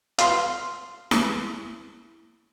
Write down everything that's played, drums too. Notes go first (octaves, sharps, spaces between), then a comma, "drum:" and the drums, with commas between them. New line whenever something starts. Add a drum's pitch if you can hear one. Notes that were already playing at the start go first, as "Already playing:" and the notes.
F5 C6, drum: hi-hat
drum: snare E4